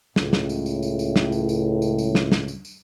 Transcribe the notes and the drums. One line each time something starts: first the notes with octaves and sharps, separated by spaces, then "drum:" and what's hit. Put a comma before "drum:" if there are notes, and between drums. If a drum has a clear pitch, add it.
C#2 A2, drum: snare
drum: snare
drum: tambourine
drum: tambourine
drum: tambourine
drum: tambourine
drum: snare
drum: tambourine
drum: tambourine
drum: tambourine
drum: tambourine
drum: snare
drum: snare
drum: tambourine
drum: tambourine